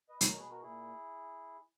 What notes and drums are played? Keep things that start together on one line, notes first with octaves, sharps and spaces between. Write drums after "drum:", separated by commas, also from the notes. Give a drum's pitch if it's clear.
B4 D#5
D#5, drum: hi-hat
B2 A#4 C#5
G#4 B4
F#4 A#4
A#2 E4 G#4